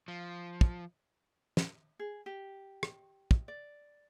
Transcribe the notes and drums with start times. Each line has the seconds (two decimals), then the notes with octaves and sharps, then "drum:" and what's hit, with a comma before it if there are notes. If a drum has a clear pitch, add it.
0.08 F3
0.61 drum: kick
1.57 drum: snare
1.99 G#4
2.26 G4
2.83 drum: rim click
3.31 drum: kick
3.48 D5